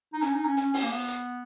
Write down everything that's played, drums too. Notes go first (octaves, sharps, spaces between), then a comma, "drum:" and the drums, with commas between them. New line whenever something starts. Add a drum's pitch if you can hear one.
D#4
C#4, drum: hi-hat
D#4
C#4
C#4, drum: hi-hat
C#4, drum: open hi-hat
A#3
B3
drum: hi-hat